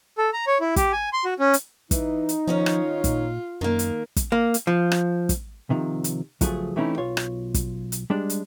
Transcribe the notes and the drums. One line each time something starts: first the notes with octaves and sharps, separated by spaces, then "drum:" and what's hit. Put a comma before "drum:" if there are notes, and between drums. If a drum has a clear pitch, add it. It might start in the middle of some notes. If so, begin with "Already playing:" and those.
A4
A#5
C#5
E4
G4, drum: kick, hi-hat
G#5
C6
F#4
C#4
drum: hi-hat
E3 D#4, drum: kick, hi-hat
drum: hi-hat
D#3 F3 C#4 F4 C#5
drum: rim click
A#2, drum: kick, hi-hat
F#2 D#3 A#3
drum: hi-hat
drum: kick, hi-hat
A#3
drum: hi-hat
F3
drum: rim click
drum: kick, hi-hat
C3 D#3 F3
drum: hi-hat
C#2 F3 F#3 A3 G#4, drum: kick, hi-hat
E3 A3 C4 C#4 D#4 E4
B1 F4 C#5
drum: rim click
drum: kick, hi-hat
drum: hi-hat
G3 G#3 D4
drum: hi-hat